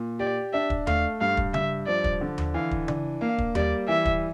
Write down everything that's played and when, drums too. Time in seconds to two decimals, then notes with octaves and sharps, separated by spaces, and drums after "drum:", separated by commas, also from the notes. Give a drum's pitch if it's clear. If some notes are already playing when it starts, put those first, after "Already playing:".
Already playing: A#2
0.19 G4 D5
0.53 D4 E5
0.70 drum: kick
0.87 A3 F5, drum: tom D#2
1.21 G2 F5
1.37 drum: kick
1.54 G2 E5, drum: tom C#3
1.87 F3 D5
2.04 drum: kick
2.21 D3
2.38 drum: tom D#2
2.54 E3 F5
2.71 drum: kick
2.88 D4, drum: tom C#3
3.21 A#3 F5
3.38 drum: kick
3.55 G3 D5, drum: tom D#2
3.88 E3 E5
4.05 drum: kick